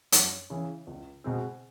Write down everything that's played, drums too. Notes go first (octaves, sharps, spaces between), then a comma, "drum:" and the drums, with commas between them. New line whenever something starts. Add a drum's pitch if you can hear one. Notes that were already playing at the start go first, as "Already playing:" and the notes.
F#2, drum: hi-hat
C#3 E3
C#2
B2 G#3 C4